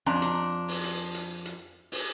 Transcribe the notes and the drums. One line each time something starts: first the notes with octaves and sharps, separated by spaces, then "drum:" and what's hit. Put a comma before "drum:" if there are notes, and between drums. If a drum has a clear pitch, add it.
F2 D4 A#5
drum: hi-hat
drum: open hi-hat
drum: hi-hat
drum: hi-hat
drum: hi-hat
drum: open hi-hat